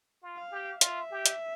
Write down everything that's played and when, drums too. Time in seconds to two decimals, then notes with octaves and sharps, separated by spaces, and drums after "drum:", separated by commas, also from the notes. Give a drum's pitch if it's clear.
0.22 F4
0.37 F5
0.52 G4
0.81 F4 E5, drum: hi-hat
1.11 G4
1.26 drum: hi-hat